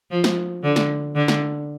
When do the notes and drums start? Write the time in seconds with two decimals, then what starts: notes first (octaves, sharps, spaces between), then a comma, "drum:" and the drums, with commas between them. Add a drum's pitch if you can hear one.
0.11 F3
0.24 drum: snare
0.63 D3
0.76 drum: snare
1.16 D3
1.28 drum: snare